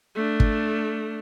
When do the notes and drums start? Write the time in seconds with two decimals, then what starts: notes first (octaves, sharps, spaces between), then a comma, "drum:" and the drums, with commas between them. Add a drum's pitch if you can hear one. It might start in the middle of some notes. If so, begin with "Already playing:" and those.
0.15 A3 D4
0.40 drum: kick